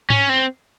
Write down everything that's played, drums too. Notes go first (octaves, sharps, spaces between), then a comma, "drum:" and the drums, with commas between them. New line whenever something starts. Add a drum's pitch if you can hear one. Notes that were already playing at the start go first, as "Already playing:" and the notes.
C#4, drum: tom G#2
C4